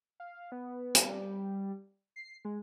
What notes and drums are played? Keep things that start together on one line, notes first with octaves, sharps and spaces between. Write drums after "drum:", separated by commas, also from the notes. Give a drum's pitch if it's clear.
F5
B3
G3, drum: hi-hat
C7
G#3